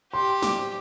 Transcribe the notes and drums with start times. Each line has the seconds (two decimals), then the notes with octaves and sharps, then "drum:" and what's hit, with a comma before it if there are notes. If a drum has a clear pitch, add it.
0.13 G4 C6
0.43 D6, drum: snare